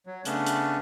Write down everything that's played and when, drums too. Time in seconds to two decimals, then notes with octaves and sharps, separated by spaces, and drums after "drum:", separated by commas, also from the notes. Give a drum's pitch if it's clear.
0.06 F#3
0.25 C#3 A3 B3 C#4 D4, drum: hi-hat
0.47 drum: hi-hat